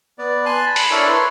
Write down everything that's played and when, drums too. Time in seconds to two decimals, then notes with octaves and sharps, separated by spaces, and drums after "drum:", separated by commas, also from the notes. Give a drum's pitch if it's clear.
0.18 B3 D5
0.46 G#5 A5 C6 F#6
0.67 B5
0.76 drum: open hi-hat
0.91 D4 E4 A4 A#4 C#5
1.06 B4 C#5 C6